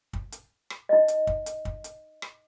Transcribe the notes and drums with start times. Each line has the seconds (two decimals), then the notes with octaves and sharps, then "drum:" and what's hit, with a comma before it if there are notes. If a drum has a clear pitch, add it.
0.13 drum: kick
0.32 drum: hi-hat
0.70 drum: rim click
0.89 D#4 D#5
1.08 drum: hi-hat
1.27 drum: kick
1.46 drum: hi-hat
1.65 drum: kick
1.84 drum: hi-hat
2.22 drum: rim click